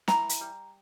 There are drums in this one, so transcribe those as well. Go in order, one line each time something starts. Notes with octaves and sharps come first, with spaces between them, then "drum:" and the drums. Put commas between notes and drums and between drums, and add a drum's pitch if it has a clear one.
E3 A#5, drum: snare
drum: hi-hat
G3